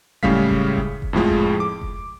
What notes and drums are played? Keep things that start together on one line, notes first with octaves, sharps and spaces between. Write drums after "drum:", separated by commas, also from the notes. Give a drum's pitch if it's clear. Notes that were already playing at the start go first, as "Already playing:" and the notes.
A2 C#3 G3 G#3 F5 B6, drum: kick F1
drum: kick F1
drum: kick F1
drum: kick F1
F2 A2 F3 G#3
drum: kick F1
D6
drum: kick F1